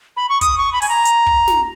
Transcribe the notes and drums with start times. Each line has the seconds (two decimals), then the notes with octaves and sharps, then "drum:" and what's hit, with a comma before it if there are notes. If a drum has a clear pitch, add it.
0.17 B5
0.29 C#6
0.41 D#6, drum: kick, hi-hat
0.58 C#6
0.73 B5
0.82 G#5, drum: open hi-hat
0.89 A#5
1.05 drum: hi-hat
1.26 drum: kick
1.48 drum: snare